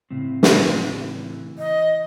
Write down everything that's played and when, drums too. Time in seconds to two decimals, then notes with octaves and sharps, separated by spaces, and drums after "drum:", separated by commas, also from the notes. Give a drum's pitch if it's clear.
0.11 A2 C#3 C4
0.43 drum: snare
0.94 E3
1.58 D#5